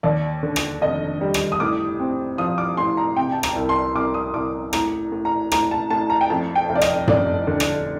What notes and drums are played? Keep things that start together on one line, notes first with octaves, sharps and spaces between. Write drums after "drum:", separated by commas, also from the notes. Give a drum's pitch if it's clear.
D#2 D5
D3
drum: rim click
F1 D#5
G3
drum: rim click
D#6
A2 D6
C4
F3 D#6
D6
A2 C6
A#5
C3 G5
A5
A#5, drum: rim click
C2
C6
C2 D6
D#6
C2 D6
A2 A#5, drum: rim click
A2
A#5
A2 A#5, drum: rim click
A5
A2 A5
A#5
G5
F2 A5
G5
F1
D5
D#5, drum: rim click
F1 D5, drum: tom F#2
D3
drum: rim click